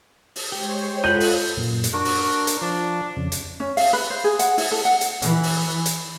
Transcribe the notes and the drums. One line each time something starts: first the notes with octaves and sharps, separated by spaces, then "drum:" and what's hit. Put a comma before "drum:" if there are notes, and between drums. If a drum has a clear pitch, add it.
drum: open hi-hat
G#3 G4 C5 C#5
F4 A4 D#5 F#5 B5 G6
drum: open hi-hat
F#2 A#2
drum: hi-hat
D4 F#4 A#4
drum: open hi-hat
drum: hi-hat
F3 D4
F2 C#3
drum: hi-hat
C#4
F5, drum: open hi-hat
B4
C5
G#4
F#5, drum: hi-hat
E4, drum: open hi-hat
A4
F#5
drum: hi-hat
E3, drum: hi-hat
drum: open hi-hat
drum: hi-hat